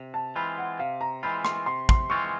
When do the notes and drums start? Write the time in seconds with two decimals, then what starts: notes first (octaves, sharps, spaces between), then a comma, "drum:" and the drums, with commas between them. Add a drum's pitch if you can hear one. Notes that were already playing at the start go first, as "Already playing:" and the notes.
Already playing: C3
0.14 A5
0.36 E3 G#3 C4 F4 B5
0.58 F#5
0.79 C3 F5
1.01 A#5
1.23 E3 G#3 C4 F4 B5
1.45 C6, drum: rim click
1.66 C3 C6
1.89 C6, drum: kick
2.10 E3 G#3 C4 F4 C#6